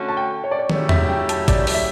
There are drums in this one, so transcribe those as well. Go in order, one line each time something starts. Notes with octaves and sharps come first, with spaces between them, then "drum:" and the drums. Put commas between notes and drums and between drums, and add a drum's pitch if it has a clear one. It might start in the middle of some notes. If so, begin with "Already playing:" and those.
Already playing: D3 A3 C#4 F#4
A5
G5
C#5
D5
C#5
C#3 F#3 A3 E4 G4 C#5, drum: tom
E5, drum: tom E2
G5
A5, drum: hi-hat
D5, drum: kick, hi-hat
D5, drum: open hi-hat
E5